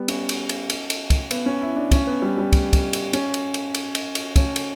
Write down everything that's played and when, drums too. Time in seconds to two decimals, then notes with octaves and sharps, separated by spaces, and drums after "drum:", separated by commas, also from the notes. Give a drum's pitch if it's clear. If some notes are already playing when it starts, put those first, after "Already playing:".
Already playing: G3 B3
0.08 C#4, drum: cymbal
0.29 drum: cymbal
0.49 drum: cymbal
0.70 drum: cymbal
0.90 drum: cymbal
1.10 drum: kick, cymbal
1.31 B3, drum: cymbal
1.46 C#4
1.61 E4
1.76 D4
1.91 C#4, drum: kick, cymbal
2.07 B3
2.22 G3
2.38 G3
2.53 drum: kick, cymbal
2.73 drum: kick, cymbal
2.93 drum: cymbal
3.13 C#4, drum: cymbal
3.34 drum: cymbal
3.54 drum: cymbal
3.74 drum: cymbal
3.95 drum: cymbal
4.15 drum: cymbal
4.36 C#4, drum: kick, cymbal
4.56 drum: cymbal